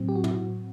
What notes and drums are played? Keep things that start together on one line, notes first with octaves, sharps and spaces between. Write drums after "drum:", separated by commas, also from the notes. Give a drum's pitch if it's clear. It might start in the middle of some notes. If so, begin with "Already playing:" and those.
Already playing: A2 F#3 C4
G4
F#4
E4, drum: tom
F#4